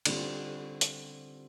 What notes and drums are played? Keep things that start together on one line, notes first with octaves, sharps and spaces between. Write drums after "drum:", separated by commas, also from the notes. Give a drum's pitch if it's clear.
D3 G3 C4 F4, drum: cymbal
drum: hi-hat